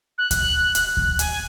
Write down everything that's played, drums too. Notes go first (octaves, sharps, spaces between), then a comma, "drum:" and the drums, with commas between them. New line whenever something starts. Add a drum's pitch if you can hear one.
F#6
drum: kick D2, hi-hat
drum: hi-hat
drum: kick D2
G#5, drum: hi-hat